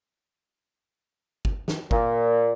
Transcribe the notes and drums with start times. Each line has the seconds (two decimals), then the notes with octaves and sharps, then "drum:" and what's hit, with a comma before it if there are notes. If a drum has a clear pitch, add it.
1.45 drum: kick G1
1.68 drum: snare
1.91 A#2, drum: kick G1